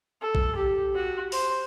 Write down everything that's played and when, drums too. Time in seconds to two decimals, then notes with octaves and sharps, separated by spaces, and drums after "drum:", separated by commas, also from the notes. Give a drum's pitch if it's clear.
0.21 A4
0.35 drum: kick
0.55 G4
0.95 F#4
1.32 C5, drum: open hi-hat